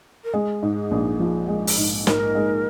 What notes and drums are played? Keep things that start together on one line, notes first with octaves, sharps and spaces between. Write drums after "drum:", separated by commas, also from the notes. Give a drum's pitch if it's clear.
A#4
G#3 G#4
G#2
A#1
F3
G#3
drum: open hi-hat
G#2
G#2 A#4, drum: snare
G#3